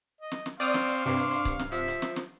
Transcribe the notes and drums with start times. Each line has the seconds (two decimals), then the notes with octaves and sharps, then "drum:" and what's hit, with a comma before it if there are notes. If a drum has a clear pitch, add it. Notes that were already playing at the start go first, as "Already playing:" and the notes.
0.21 D#5
0.32 drum: snare
0.46 drum: snare
0.60 C4 C5 D5 F5 C#6 D#6 F6, drum: hi-hat
0.74 drum: snare
0.88 drum: hi-hat
1.06 G2 C3 D4
1.17 drum: hi-hat
1.31 drum: hi-hat
1.45 drum: kick C#1, hi-hat
1.59 drum: snare
1.72 F3 E5, drum: hi-hat
1.88 drum: hi-hat
2.02 drum: snare
2.16 drum: snare